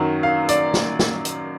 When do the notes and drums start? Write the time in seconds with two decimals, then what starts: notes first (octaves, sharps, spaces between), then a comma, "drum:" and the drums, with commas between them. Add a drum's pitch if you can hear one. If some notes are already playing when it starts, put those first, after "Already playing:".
Already playing: F#2 D#3 F#3
0.23 F5
0.49 D5, drum: hi-hat
0.74 drum: snare
0.99 drum: snare
1.25 drum: hi-hat